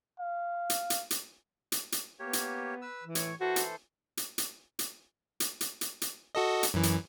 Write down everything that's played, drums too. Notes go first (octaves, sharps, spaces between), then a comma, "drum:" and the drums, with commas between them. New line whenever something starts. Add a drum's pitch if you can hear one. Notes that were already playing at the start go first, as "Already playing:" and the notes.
F5
drum: hi-hat
drum: hi-hat
drum: hi-hat
drum: hi-hat
drum: hi-hat
A#3 B3 G4 C#5
drum: hi-hat
B4 E6
E3
A2 C#5 C#6, drum: hi-hat
E3 F#4 A4 C5
drum: hi-hat
drum: hi-hat
drum: hi-hat
drum: hi-hat
drum: hi-hat
drum: hi-hat
drum: hi-hat
drum: hi-hat
F#4 A4 D#5
drum: hi-hat
F#2 E3
drum: hi-hat